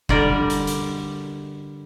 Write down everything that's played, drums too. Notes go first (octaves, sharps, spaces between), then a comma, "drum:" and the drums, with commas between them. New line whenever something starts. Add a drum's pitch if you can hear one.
D3 G3 A#4 D5, drum: kick F#1
drum: hi-hat
drum: hi-hat